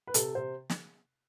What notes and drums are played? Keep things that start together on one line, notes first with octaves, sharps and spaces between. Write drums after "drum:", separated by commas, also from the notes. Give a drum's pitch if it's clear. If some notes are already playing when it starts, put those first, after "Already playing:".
B4
C3 A4, drum: hi-hat
C3 C5
drum: snare